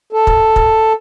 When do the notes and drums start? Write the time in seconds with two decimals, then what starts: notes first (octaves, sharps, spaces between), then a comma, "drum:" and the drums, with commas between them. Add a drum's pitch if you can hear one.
0.13 A4
0.27 drum: kick
0.56 drum: kick